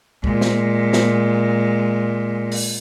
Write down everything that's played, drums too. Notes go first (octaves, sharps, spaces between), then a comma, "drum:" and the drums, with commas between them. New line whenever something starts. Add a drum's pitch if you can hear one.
A#2 G#3, drum: kick
drum: snare
drum: snare
drum: open hi-hat